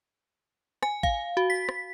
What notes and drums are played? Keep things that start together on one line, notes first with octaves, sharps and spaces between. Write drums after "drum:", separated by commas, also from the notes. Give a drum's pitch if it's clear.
G#5, drum: rim click
F5, drum: kick A1
F#4
B6
drum: rim click